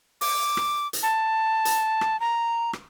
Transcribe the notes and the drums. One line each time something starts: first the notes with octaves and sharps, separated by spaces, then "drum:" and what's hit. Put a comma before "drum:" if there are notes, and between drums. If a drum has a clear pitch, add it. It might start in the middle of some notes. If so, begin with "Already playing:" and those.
D6, drum: open hi-hat
drum: rim click
drum: hi-hat
A5
drum: hi-hat
drum: rim click
A#5
drum: rim click